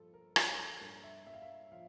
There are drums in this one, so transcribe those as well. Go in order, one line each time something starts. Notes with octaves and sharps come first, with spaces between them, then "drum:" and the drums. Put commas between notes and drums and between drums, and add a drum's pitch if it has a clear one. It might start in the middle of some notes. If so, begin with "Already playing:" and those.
Already playing: G2 F3 F4 A4
A#4
F3 C#5, drum: rim click
A4
G2 A#4
E5
G2 E5
F5
E5
F3 F5